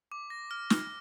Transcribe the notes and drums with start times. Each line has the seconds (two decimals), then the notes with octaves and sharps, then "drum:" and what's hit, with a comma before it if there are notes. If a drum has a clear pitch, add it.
0.12 D6
0.30 A#6
0.51 F6
0.70 F6, drum: snare